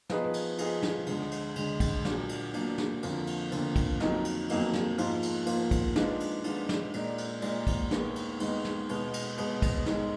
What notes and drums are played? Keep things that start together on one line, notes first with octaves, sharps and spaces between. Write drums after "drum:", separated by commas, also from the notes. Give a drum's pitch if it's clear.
F3 B3 D#4 G#4 B4, drum: snare
drum: cymbal
F3 B3 D#4 G#4 B4, drum: cymbal
drum: snare
D2 D3 G#3, drum: cymbal
drum: cymbal
D2 D3 G#3, drum: cymbal
drum: kick, cymbal
A#2 F#3 A#3 D4 F#4, drum: snare
drum: cymbal
A#2 F#3 A#3 D4 F#4, drum: cymbal
drum: snare
F2 D3 F3 A#3, drum: cymbal
drum: cymbal
F2 D3 F3 A#3, drum: cymbal
drum: kick, cymbal
F2 D#3 F#3 A#3 D#4, drum: snare
drum: cymbal
F2 D#3 F#3 A#3 D#4, drum: cymbal
drum: snare
G#2 F3 A#3 F4, drum: cymbal
drum: cymbal
G#2 F3 A#3 F4, drum: cymbal
drum: kick, cymbal
D#3 G#3 D4 F4 B4, drum: snare
drum: cymbal
D#3 G#3 D4 F4 B4, drum: cymbal
drum: snare
A#2 G#3 D#4 A#4 D5, drum: cymbal
drum: cymbal
A#2 G#3 D#4 A#4 D5, drum: cymbal
drum: kick, cymbal
D#2 D#3 G#3 B3, drum: snare
drum: cymbal
D#2 D#3 G#3 B3, drum: cymbal
drum: snare
B2 G#3 B3, drum: cymbal
drum: cymbal
B2 G#3 B3, drum: cymbal
drum: kick, cymbal
G#2 D#3 G#3, drum: snare